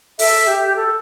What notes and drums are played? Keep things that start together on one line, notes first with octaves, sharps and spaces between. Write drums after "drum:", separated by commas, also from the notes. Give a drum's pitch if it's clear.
A4 E5, drum: open hi-hat
G4
A4